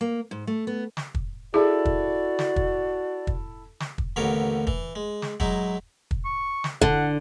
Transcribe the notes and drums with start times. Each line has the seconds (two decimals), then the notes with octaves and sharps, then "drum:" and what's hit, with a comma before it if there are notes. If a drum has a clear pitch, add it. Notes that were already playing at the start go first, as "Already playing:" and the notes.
0.01 A#3
0.31 G#2
0.47 A3
0.67 B3
0.97 drum: snare
1.15 drum: kick
1.54 E4 F#4 G#4 A4 D5
1.85 drum: kick
2.39 drum: snare
2.56 drum: kick
3.27 drum: kick
3.80 drum: snare
3.98 drum: kick
4.16 A1 D#2 D3 B3 A#4 C#5
4.67 E3, drum: kick
4.96 G#3
5.22 drum: snare
5.40 F#3 G#3 D#4 E4, drum: kick
6.11 drum: kick
6.25 C#6
6.64 drum: snare
6.81 D3 F#5, drum: kick